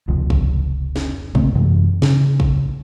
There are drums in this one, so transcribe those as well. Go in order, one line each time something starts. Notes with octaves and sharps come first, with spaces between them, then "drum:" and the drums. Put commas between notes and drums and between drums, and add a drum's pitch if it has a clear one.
F1 C#2 F3
drum: kick
drum: snare
C#3 A3 A#3 C4, drum: kick
F#2 C3 E3 G#3
C#3, drum: snare
drum: kick